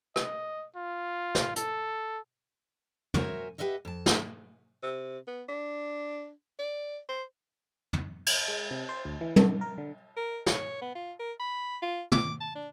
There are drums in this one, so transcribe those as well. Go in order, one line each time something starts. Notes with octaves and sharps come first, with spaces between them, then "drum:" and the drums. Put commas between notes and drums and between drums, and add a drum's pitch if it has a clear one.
D#5, drum: rim click
F4
drum: snare
A4, drum: hi-hat
F#4 A#4 C5 C#5 E5 G#5, drum: tom
G4 A#4 B4 D#5 E5 F#5
F2 A5
drum: snare
C3
B3
D4
D5
C5
drum: tom
drum: cymbal
G#3
C3
C5
D2
E3
A3, drum: tom
D#3
A#4
D3
A#4
C#5, drum: snare
B3
F4
A#4
B5
F4
D6, drum: tom
A5
D4